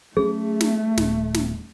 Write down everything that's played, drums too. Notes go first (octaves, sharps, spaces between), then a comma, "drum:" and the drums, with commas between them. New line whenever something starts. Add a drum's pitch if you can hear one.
F#3 A3 C#4 G#4
drum: snare
D#1, drum: snare
drum: snare